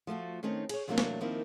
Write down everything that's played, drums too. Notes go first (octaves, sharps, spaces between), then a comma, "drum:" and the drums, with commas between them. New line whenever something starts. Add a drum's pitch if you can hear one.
F3 A3 F4 F#4
D#3 A3 C4 C#4 D#4
G#4 C#5, drum: cymbal
E2 C3 F#3 A3 A#3 D4
drum: snare
D#3 F3 A#3 C4 D#4 E4